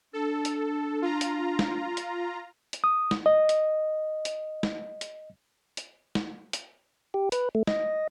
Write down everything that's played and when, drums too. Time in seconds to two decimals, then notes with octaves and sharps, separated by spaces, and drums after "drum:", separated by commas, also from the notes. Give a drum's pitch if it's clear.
0.13 D4 A4
0.45 drum: hi-hat
1.02 F4 A#5
1.21 drum: hi-hat
1.59 drum: snare
1.97 drum: hi-hat
2.73 drum: hi-hat
2.84 D#6
3.11 drum: snare
3.26 D#5
3.49 drum: hi-hat
4.25 drum: hi-hat
4.63 drum: snare
5.01 drum: hi-hat
5.77 drum: hi-hat
6.15 drum: snare
6.53 drum: hi-hat
7.14 G4
7.32 B4, drum: hi-hat
7.55 A3
7.67 D#5, drum: snare